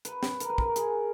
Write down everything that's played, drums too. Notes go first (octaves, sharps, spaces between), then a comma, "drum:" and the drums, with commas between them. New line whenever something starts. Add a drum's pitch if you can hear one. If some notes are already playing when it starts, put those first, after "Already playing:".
B4, drum: hi-hat
drum: snare
A#4, drum: hi-hat
B4
A#4, drum: kick
G#4, drum: hi-hat